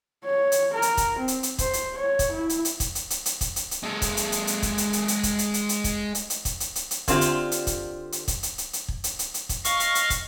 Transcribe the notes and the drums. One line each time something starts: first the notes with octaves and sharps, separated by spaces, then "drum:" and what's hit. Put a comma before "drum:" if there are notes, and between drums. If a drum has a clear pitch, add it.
C#5
drum: hi-hat
A#4
drum: hi-hat
drum: kick, hi-hat
C4
drum: hi-hat
drum: hi-hat
C5, drum: kick, hi-hat
drum: hi-hat
C#5
drum: kick, hi-hat
E4
drum: hi-hat
drum: hi-hat
drum: kick, hi-hat
drum: hi-hat
drum: hi-hat
drum: hi-hat
drum: kick, hi-hat
drum: hi-hat
drum: hi-hat
G#3 A4
drum: kick, hi-hat
drum: hi-hat
drum: hi-hat
drum: hi-hat
drum: kick, hi-hat
drum: hi-hat
drum: hi-hat
drum: hi-hat
drum: kick, hi-hat
drum: hi-hat
drum: hi-hat
drum: hi-hat
drum: kick, hi-hat
drum: hi-hat
drum: hi-hat
drum: kick, hi-hat
drum: hi-hat
drum: hi-hat
drum: hi-hat
D3 C4 F4 G4, drum: kick, hi-hat
drum: hi-hat
drum: hi-hat
drum: kick, hi-hat
drum: hi-hat
drum: kick, hi-hat
drum: hi-hat
drum: hi-hat
drum: hi-hat
drum: kick
drum: hi-hat
drum: hi-hat
drum: hi-hat
drum: kick, hi-hat
D#5 F5 C#6 F6, drum: hi-hat
drum: hi-hat
drum: hi-hat
drum: kick, hi-hat